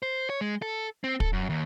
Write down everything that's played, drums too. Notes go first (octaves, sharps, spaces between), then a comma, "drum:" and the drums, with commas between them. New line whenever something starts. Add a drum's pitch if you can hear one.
C5
C#5
G#3
A4
C4
A4, drum: kick
F#2
D#2